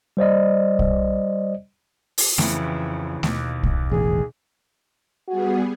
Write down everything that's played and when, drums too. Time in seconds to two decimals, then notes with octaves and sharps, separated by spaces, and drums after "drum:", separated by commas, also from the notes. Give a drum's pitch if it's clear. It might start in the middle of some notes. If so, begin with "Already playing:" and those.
0.17 G3 C5 D5 D#5
0.79 drum: kick
2.18 drum: open hi-hat
2.38 F2 C#3 E3 E4, drum: snare A3
3.23 D#2 B2, drum: snare A3
3.63 drum: kick
3.91 E1 A1 G#4
5.28 G3 B3 F#4 G#4